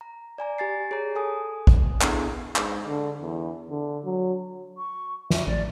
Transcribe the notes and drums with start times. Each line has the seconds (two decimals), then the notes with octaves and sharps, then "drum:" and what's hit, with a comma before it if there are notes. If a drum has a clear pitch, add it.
0.01 A#5
0.38 D5 G#5 A#5
0.58 G4 G#5 A6 C7
0.91 G#4 C#5 A#5
1.15 A4 G#5 D#6
1.67 drum: kick
2.01 B3 D4 E4 G#4 A4, drum: clap
2.56 G#2, drum: clap
2.86 D3
3.22 E2
3.70 D3
4.04 F#3
4.78 C#6
5.30 E5, drum: snare
5.47 A1 D5